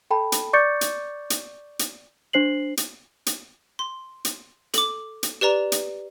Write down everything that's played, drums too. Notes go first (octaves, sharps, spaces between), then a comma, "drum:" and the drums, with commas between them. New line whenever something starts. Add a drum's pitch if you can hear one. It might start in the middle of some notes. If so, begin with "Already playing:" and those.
A4 G5 A5 B5
drum: hi-hat
D5 C#6 D6 G6 A6 C#7
drum: hi-hat
drum: hi-hat
drum: hi-hat
D4 C5 C7 F#7
drum: hi-hat
drum: hi-hat
C6
drum: hi-hat
A4 D6, drum: hi-hat
drum: hi-hat
G4 B4 D5 A#5
drum: hi-hat